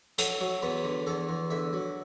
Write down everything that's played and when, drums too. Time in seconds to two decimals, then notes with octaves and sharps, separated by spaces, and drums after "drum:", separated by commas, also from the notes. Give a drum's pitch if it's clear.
0.18 F#3 A4, drum: hi-hat
0.40 F#3
0.62 E2 B4
0.84 D3
1.07 E2 A4
1.29 E2
1.50 D3 E5
1.73 F#3